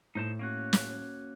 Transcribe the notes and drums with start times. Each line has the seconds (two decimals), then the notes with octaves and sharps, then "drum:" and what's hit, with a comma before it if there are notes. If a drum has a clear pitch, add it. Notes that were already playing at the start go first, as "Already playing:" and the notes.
0.15 A2 D#4 C5 A5
0.39 A#3 C#4 F#4
0.73 drum: snare